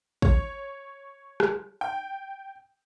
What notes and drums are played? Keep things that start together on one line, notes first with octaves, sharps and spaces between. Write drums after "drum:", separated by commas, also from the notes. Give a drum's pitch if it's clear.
C#5, drum: kick
drum: rim click
G5